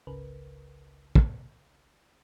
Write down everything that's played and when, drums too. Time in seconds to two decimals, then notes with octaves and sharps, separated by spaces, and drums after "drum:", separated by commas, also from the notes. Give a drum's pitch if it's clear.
0.07 G#1 C#2 C#3 A#4 B4
1.15 drum: kick